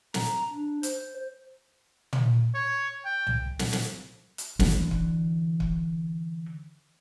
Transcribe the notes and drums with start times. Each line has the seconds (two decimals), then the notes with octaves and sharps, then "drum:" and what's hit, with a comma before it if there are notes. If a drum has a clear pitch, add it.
0.14 A#5, drum: snare
0.50 D4
0.83 C5, drum: hi-hat
2.13 drum: tom
2.55 C#5
3.05 G5
3.27 drum: tom C2
3.59 drum: snare
3.73 drum: snare
4.38 drum: hi-hat
4.59 D3 E3, drum: snare
4.91 drum: kick
5.60 drum: kick